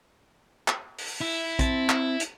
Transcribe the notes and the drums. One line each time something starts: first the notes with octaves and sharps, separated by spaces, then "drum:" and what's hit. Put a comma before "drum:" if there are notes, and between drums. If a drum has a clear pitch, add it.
drum: clap
drum: open hi-hat
E4
C4 A5, drum: kick A#1, hi-hat
drum: clap
drum: hi-hat